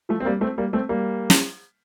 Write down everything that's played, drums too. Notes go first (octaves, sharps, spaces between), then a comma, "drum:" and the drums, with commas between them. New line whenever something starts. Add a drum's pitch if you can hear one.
F3 A3
C4
G3 A#3
A3 C4
G3 A#3
A3 C4
G3 A#3
drum: snare